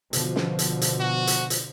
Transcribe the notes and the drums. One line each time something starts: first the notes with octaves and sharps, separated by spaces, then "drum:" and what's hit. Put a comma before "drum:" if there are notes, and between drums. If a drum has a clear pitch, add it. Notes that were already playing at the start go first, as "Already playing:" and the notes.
B2 D3 F3, drum: hi-hat
drum: snare
drum: hi-hat
drum: hi-hat
F#4
drum: hi-hat
drum: hi-hat